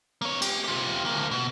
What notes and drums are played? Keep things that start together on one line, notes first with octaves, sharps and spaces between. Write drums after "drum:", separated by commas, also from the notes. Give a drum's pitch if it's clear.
A#3 C#5
G4, drum: cymbal
F4 G4
D2 A#3
B2